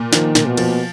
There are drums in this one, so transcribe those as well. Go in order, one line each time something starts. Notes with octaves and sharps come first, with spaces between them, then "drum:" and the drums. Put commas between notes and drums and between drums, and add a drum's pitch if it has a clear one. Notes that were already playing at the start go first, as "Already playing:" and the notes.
Already playing: A#2
D#3 F3, drum: snare
A#2, drum: snare
B2
F3, drum: cymbal